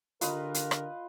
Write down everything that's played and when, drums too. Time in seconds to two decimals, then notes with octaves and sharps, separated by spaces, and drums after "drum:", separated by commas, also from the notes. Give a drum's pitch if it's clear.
0.21 D3 F4 G4 A#4 B4 D#5, drum: hi-hat
0.54 drum: hi-hat
0.71 drum: rim click